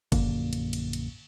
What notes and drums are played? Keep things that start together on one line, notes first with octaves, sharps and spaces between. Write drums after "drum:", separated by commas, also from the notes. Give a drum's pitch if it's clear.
A#1 F#2 D3 A#3, drum: kick, cymbal
drum: cymbal
drum: cymbal
drum: cymbal